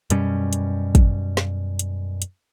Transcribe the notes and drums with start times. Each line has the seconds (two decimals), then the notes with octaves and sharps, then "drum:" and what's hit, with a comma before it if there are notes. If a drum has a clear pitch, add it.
0.10 F#2 B2 G3 C#4, drum: hi-hat
0.53 drum: hi-hat
0.95 drum: kick, hi-hat
1.37 drum: snare
1.79 drum: hi-hat
2.22 drum: hi-hat